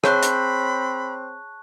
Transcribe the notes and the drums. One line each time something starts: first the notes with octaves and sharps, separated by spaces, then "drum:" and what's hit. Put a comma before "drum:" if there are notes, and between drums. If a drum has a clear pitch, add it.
C4 G#4 C#5 A5 B5 C#6 F#6 G6, drum: rim click
drum: hi-hat